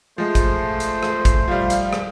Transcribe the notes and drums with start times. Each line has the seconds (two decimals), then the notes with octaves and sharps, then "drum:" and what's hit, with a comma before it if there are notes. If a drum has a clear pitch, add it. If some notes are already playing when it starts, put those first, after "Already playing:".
0.18 F3 G#3 A3 C5
0.35 drum: kick, hi-hat
0.80 drum: hi-hat
1.03 drum: rim click
1.25 drum: kick, hi-hat
1.48 F3 G3 F5
1.70 drum: hi-hat
1.93 drum: rim click